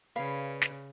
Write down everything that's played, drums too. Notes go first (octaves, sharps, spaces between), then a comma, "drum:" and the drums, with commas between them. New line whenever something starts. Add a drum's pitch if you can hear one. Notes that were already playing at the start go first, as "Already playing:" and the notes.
C#3 B4 D5 F5 B5
drum: snare